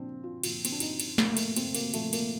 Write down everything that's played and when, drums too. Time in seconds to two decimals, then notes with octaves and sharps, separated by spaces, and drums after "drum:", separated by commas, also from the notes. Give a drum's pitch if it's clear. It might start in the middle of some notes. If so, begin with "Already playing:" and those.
Already playing: A#2 F3 C4 D4
0.24 F4
0.44 A#2 F3 F4, drum: cymbal
0.65 C4, drum: cymbal
0.72 D4
0.80 D#4, drum: cymbal
1.00 drum: cymbal
1.18 A#2 F3 A#3, drum: snare
1.33 A3
1.37 A#3, drum: cymbal
1.56 C4, drum: cymbal
1.75 A#3, drum: cymbal
1.94 A#2 F3 A3, drum: cymbal
2.13 A#3, drum: cymbal